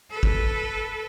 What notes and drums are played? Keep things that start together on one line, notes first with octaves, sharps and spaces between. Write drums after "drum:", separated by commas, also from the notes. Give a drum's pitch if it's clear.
A4 B4
drum: kick